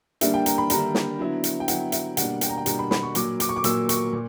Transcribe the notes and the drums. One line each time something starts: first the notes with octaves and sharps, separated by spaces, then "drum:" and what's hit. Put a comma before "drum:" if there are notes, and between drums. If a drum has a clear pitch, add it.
D3 G3 A#3 D4 E5, drum: hi-hat
G5
A#5, drum: hi-hat
B5
D3 G3 A#3 D4 A#5, drum: hi-hat
drum: snare
D3 F#3 B3 E4
drum: hi-hat
G5
D3 F#3 B3 E4 F#5, drum: hi-hat
E5, drum: hi-hat
B2 G3 A#3 D4 F#5, drum: hi-hat
G5, drum: hi-hat
A#5
G5
B2 G3 A#3 D4 A#5, drum: hi-hat
B5
B5, drum: snare
C#6
A#2 F#3 A#3 D6, drum: hi-hat
D6, drum: hi-hat
C#6
D6
A#2 F#3 A#3 E6, drum: hi-hat
C#6, drum: hi-hat
A#2